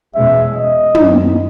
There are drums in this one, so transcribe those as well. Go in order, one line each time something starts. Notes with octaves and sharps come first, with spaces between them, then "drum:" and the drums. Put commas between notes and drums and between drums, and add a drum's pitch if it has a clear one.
E2 B2 G#3 C#4 E5
D#5
F#2 D#3 F#3, drum: tom